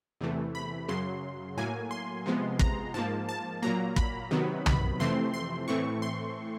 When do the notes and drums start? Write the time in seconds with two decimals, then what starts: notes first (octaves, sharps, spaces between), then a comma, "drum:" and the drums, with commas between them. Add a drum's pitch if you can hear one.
0.21 E2 C3 E3 A3
0.55 B5
0.88 F#2 C#3 F#3 C6
1.57 A2 F#3 A#3 G#5
1.91 C6
2.26 C3 F3 G#3 B3
2.59 A#5, drum: kick
2.94 G#2 F3 A#3 A5
3.29 A5
3.63 A#2 F#3 A#3 A#5
3.96 B5, drum: kick
4.31 C3 D#3 F#3 B3
4.66 B5, drum: tom
5.00 F2 C3 E3 A3 C4 C6
5.34 C6
5.68 A2 E3 A3 C4 C#6
6.02 C6